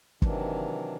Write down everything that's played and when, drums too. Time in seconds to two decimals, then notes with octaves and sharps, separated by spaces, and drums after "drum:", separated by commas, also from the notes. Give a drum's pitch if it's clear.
0.22 C3 D#3 E3 F#3 D4, drum: kick